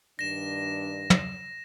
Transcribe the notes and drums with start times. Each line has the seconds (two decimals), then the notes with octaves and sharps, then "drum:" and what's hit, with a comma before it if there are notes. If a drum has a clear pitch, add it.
0.19 G2 D#3 D4 A#6 E7
1.10 drum: tom